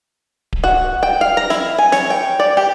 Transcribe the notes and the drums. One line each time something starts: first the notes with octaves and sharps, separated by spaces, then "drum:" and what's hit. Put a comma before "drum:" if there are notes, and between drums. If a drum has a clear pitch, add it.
drum: kick D1
F#4
G5
F5
A#5
E4, drum: snare
G#5
C#5, drum: snare
G5
D5
G4